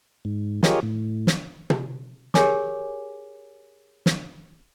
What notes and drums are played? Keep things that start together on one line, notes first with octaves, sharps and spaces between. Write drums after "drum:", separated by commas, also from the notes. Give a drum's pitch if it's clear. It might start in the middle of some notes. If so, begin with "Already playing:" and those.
G#2
F4 G4 G#4 A#4 C#5 D#5, drum: snare
A2
drum: snare
drum: tom
G4 G#4 A#4 C#5 G#5 D6, drum: snare
drum: snare